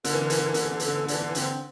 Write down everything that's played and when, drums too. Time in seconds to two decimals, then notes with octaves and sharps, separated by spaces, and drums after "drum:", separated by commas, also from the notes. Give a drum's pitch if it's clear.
0.04 D3 A#4, drum: hi-hat
0.13 E3
0.21 D3 A#4
0.30 E3, drum: hi-hat
0.38 D3
0.43 E3 A#4
0.54 D3, drum: hi-hat
0.63 E3 A4
0.71 D3
0.80 E3 A4, drum: hi-hat
0.88 D3
0.96 E3
1.04 D3
1.08 E3 D4, drum: hi-hat
1.21 D3
1.29 E3
1.35 D3 C4, drum: hi-hat